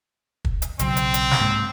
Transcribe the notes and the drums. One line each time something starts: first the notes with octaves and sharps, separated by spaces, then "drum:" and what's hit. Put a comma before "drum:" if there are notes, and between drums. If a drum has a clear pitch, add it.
drum: kick
drum: hi-hat
B1 C#3 F#3 C4, drum: hi-hat
drum: hi-hat
drum: hi-hat
drum: snare
G#2 G#3 A#3